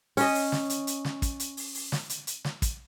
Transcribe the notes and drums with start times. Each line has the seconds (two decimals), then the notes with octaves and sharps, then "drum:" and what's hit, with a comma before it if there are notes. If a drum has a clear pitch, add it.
0.17 C#4 D#5, drum: open hi-hat
0.35 drum: open hi-hat
0.52 drum: snare
0.70 drum: hi-hat
0.87 drum: hi-hat
1.05 drum: snare
1.22 drum: kick, hi-hat
1.40 drum: hi-hat
1.57 drum: open hi-hat
1.75 drum: open hi-hat
1.92 drum: snare
2.10 drum: hi-hat
2.27 drum: hi-hat
2.45 drum: snare
2.62 drum: kick, hi-hat